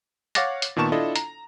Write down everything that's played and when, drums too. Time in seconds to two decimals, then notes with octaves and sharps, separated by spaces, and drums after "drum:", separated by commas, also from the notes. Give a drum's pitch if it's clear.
0.35 C#5 F5 F#5 D6 A6 A#6, drum: hi-hat
0.62 drum: hi-hat
0.76 A#2 D#3 B3 A5 C#6 E7
0.92 D4 E4 F4 A4 D#5
1.16 A#5, drum: hi-hat